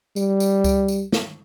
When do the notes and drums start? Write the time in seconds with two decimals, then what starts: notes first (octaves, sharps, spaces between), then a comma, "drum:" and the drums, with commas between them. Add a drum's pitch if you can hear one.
0.16 G3, drum: tambourine
0.40 drum: tambourine
0.64 drum: kick C#2, tambourine
0.88 drum: tambourine
1.12 drum: snare